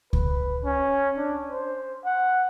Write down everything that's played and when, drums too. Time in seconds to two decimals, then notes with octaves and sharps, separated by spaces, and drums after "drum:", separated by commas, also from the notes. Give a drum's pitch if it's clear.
0.13 B4, drum: kick C#2
0.64 C#4
1.17 D4
1.51 C5
2.05 F#5